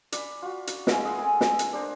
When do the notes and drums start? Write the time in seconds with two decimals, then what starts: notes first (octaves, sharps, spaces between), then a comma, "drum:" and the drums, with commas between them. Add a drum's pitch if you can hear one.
0.12 D5 B5, drum: hi-hat
0.42 F4 F#4
0.67 drum: hi-hat
0.87 G#3 E4 B4 F5, drum: snare
1.05 D#5 F#5 C6
1.17 G#4 A4 G#5
1.41 drum: snare
1.59 drum: hi-hat
1.73 D4 A#4 C5